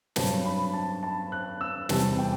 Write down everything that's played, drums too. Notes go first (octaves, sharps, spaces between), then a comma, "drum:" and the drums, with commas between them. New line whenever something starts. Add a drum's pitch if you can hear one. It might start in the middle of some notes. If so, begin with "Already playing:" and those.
G2 F#3 C4 A5, drum: snare
B5
A5
A5
F#6
E6
E2 C3 E3 G3 B3 A5, drum: snare
G5